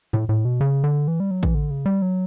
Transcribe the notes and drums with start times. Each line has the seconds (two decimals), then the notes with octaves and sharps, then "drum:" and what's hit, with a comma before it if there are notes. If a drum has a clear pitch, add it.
0.13 A2, drum: tom G#2
0.29 A2
0.45 B2
0.61 C#3
0.84 D3
1.08 E3
1.20 G3
1.31 F#3
1.43 E3, drum: kick A1
1.55 D3
1.70 C#3
1.86 G3
2.02 F#3